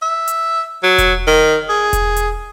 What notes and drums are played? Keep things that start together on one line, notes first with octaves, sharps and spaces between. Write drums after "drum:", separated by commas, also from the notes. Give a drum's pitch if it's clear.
E5
drum: hi-hat
F#3
drum: kick E1, hi-hat
D#3
G#4
drum: kick E1, hi-hat
drum: hi-hat